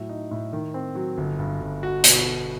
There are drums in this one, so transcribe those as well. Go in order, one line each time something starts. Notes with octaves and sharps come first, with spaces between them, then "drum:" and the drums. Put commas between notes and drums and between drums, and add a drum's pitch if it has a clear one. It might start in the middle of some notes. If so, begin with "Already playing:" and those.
Already playing: A2 F#3
D#4
A2
D#3
C4
F#3
G1
G2
G1
F#4
B2, drum: hi-hat